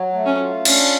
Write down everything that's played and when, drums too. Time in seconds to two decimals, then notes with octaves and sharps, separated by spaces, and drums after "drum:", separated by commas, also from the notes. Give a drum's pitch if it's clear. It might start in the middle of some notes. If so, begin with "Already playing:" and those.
Already playing: F#3
0.13 A3
0.26 C#4
0.39 F4
0.65 C#4 D4, drum: cymbal